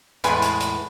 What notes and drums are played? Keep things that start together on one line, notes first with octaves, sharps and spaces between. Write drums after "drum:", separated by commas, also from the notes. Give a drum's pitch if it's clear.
E2 A2 G#3 B4 G#5, drum: hi-hat
drum: hi-hat
drum: hi-hat